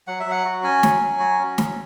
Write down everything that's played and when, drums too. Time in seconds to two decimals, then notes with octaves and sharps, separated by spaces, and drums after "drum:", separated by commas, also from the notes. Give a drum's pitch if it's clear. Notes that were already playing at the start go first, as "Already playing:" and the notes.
0.07 F#3 F#5
0.20 E5
0.26 F#3
0.31 F#5
0.45 F#4
0.63 C#4 G#5
0.83 F#3, drum: snare
1.02 F#3
1.20 F#4
1.39 C#4
1.58 F#3, drum: snare